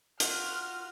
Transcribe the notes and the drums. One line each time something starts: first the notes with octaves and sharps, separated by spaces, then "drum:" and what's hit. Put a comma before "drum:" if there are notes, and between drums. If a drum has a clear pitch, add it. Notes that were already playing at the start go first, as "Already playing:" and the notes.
F4 F#4 F6, drum: hi-hat